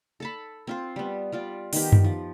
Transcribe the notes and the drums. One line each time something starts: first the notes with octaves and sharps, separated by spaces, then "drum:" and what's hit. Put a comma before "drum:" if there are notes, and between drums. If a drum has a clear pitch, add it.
A4 A5 B5
C4 F4 C5
G3 B3
G3 F4 D5
D#3 B3 G4, drum: open hi-hat
drum: tom F#2
F3